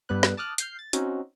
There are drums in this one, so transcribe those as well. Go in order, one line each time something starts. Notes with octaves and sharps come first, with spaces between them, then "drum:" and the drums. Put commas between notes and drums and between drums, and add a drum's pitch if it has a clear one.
G2 G3 B3 B4 F#6
drum: snare
A5 D6 D#6 F6 F#6
F6 G6 C7, drum: hi-hat
A6
C4 C#4 D#4 F#4, drum: hi-hat